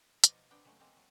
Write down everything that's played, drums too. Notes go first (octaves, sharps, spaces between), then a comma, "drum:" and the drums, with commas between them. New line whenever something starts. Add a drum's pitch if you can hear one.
B2 F3 D#4 F4 D5 D#5, drum: hi-hat
A5
B3 C4 D4 D#4 G5
C#3 F#3 G#3 A3
G#3 A#3 C4
F#3